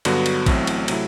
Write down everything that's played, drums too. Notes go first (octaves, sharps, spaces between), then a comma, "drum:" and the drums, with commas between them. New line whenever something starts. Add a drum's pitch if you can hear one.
G2 D3 F#3 B3 F#4, drum: cymbal
drum: cymbal
A1 A2 F#3 A3 C4, drum: kick, cymbal
drum: cymbal
C3 F#3 A3 E4, drum: cymbal